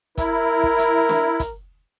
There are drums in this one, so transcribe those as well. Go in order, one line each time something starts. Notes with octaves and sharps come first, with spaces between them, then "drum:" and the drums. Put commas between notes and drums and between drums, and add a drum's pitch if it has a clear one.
E4 A#4, drum: kick, hi-hat
drum: kick
drum: hi-hat
drum: snare D4
drum: kick, hi-hat